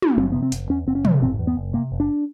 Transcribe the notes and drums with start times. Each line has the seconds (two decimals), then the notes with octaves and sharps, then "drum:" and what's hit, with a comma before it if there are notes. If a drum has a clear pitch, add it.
0.02 drum: tom
0.18 F#1 C4
0.32 C3 B3
0.43 C4
0.52 F#1, drum: hi-hat
0.69 E2 C#4
0.87 F#1 C4
0.95 C#4
1.05 C3, drum: tom
1.22 F#1 C4
1.39 E2
1.47 B3
1.57 F#1
1.73 C3 A#3
1.92 F#1
2.00 D4